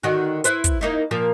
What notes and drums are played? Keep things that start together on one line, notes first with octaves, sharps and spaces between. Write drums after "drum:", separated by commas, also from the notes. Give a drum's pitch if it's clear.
D3 D#3 F#4
E4 B4 C5, drum: hi-hat
drum: kick, hi-hat
A#3 D#4 E4
A#2 F3 A#3